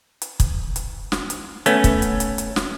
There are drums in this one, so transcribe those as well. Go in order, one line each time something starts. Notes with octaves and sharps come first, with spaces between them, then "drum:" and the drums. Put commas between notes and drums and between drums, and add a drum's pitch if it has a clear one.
drum: hi-hat
drum: kick, hi-hat
drum: hi-hat
drum: snare
drum: hi-hat
A3 B3 C#4, drum: hi-hat
drum: kick, hi-hat
drum: hi-hat
drum: hi-hat
drum: hi-hat
drum: snare